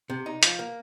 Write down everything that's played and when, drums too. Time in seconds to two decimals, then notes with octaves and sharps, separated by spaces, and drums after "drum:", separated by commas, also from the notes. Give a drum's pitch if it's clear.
0.10 C3
0.26 D#4
0.43 F3, drum: hi-hat
0.59 A#3